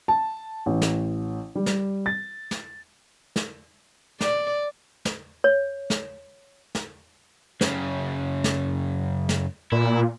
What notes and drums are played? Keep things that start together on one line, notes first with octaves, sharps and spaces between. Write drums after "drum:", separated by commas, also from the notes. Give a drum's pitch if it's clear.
A5
A1
drum: snare
G3
drum: snare
A6
drum: snare
drum: snare
D5, drum: snare
drum: snare
C#5
drum: snare
drum: snare
F#2 C#3, drum: snare
drum: snare
drum: snare
A#2 E4